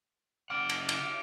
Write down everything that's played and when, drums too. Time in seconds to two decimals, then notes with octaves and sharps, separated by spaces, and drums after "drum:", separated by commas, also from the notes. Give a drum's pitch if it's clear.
0.50 C#3 F#5 D6 F6 D7
0.69 drum: cymbal
0.89 drum: cymbal